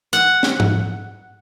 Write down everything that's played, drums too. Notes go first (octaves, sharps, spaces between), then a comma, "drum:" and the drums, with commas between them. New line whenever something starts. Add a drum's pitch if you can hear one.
F#5, drum: hi-hat
drum: snare
drum: tom G#2